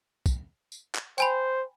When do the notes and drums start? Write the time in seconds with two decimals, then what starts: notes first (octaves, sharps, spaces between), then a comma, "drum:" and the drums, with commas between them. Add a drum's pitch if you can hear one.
0.26 drum: kick, tambourine
0.72 drum: tambourine
0.95 drum: clap
1.18 C5 G5 G#5 B5, drum: tambourine